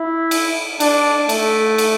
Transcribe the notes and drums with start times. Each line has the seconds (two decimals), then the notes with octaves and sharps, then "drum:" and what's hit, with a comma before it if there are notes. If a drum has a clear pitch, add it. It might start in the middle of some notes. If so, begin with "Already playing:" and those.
Already playing: E4
0.31 drum: cymbal
0.80 D4, drum: cymbal
1.29 A3, drum: cymbal
1.78 drum: cymbal